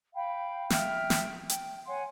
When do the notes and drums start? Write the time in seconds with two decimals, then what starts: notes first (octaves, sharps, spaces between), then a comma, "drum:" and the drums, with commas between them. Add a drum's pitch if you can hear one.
0.13 F5 G5 B5
0.70 E5 G5 F6, drum: snare
1.10 drum: snare
1.49 G5, drum: hi-hat
1.86 C#5 F#5 G#5 C6